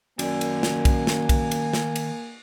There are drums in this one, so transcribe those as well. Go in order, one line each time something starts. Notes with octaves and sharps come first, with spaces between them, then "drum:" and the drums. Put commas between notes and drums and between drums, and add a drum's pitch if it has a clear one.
F#2 D#3 A#3 D5 G#5, drum: cymbal
drum: cymbal
drum: snare
drum: kick B1, cymbal
drum: snare
drum: kick B1, cymbal
drum: cymbal
drum: snare
drum: cymbal